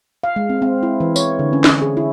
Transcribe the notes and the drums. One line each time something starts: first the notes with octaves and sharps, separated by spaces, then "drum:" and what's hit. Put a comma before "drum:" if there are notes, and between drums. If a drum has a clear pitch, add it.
F5
G#3
C4
C4
E4
E3
C#5, drum: tambourine
D3
C#4
drum: snare
G#4
E4